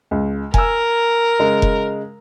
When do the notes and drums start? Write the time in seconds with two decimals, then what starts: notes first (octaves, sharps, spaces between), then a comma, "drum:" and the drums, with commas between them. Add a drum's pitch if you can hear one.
0.11 C#2
0.54 A#4 G#5 E6, drum: kick F1
1.39 C#3 G#3
1.62 drum: kick F1